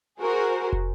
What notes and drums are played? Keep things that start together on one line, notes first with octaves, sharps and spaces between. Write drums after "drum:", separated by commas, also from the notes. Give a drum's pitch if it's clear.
F#4 G#4 A#4 C5
drum: kick